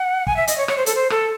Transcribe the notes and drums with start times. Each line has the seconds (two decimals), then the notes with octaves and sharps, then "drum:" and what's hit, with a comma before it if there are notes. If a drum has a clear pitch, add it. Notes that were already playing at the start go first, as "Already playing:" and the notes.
Already playing: F#5
0.27 G#5, drum: kick
0.37 E5
0.47 D#5, drum: hi-hat
0.58 C#5
0.68 C#5, drum: rim click
0.77 C5
0.86 A4, drum: hi-hat
0.95 C5
1.10 A4, drum: rim click